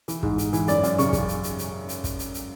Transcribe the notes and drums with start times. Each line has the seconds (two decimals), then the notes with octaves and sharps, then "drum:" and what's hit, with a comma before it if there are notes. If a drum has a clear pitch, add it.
0.08 E3, drum: hi-hat
0.23 G#2, drum: kick
0.38 G#2, drum: hi-hat
0.53 E3, drum: hi-hat
0.68 F#2 D5, drum: hi-hat
0.83 F#2, drum: hi-hat
0.98 C#3 C#6, drum: hi-hat
1.13 C#3, drum: kick, hi-hat
1.28 drum: hi-hat
1.43 drum: hi-hat
1.58 drum: hi-hat
1.89 drum: hi-hat
2.04 drum: kick, hi-hat
2.19 drum: hi-hat
2.34 drum: hi-hat